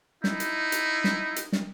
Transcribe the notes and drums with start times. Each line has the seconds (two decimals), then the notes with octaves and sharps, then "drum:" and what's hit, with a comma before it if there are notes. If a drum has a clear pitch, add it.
0.24 D#4 E4, drum: snare
0.40 drum: hi-hat
0.72 drum: hi-hat
1.04 drum: snare
1.36 drum: hi-hat
1.52 drum: snare